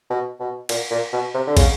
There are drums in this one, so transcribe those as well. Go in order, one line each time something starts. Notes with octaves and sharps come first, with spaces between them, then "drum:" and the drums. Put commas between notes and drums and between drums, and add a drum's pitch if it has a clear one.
B2
B2
A#2, drum: cymbal
A#2
B2
C3
D3
C#3, drum: kick, cymbal